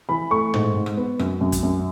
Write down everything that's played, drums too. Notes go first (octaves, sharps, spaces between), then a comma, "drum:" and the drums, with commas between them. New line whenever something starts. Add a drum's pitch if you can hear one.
E3 B5
A3 C#6
G#2, drum: tom
G#2
drum: rim click
B3
F#2, drum: rim click
F#2
drum: kick, hi-hat
F#2